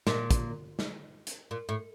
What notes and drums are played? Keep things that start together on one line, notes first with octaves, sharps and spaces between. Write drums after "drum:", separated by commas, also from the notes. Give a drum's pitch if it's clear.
A#2, drum: snare
drum: kick, hi-hat
drum: snare
drum: hi-hat
A#2
A2